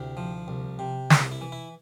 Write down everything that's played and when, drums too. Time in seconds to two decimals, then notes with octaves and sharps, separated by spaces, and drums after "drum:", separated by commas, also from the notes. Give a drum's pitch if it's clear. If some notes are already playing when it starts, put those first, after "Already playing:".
Already playing: D2 C3 E4
0.17 F3
0.48 C2
0.79 C3
1.10 C2 E4, drum: snare
1.32 E4
1.41 E3
1.52 E4